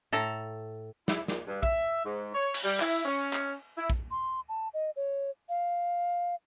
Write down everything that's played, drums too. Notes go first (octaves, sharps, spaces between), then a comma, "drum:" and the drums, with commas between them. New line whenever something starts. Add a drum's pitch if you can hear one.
A2 A4 A#5
E4, drum: snare
A#2, drum: snare
G2
E5, drum: kick A#1
G#2
C#5
drum: cymbal
G3
E4, drum: clap
C#4
drum: clap
E4
drum: kick A#1
C6
A5
D#5
C#5
F5